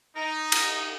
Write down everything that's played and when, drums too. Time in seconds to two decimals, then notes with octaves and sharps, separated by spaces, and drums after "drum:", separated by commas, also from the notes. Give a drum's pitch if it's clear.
0.16 D#4 A#5
0.52 drum: cymbal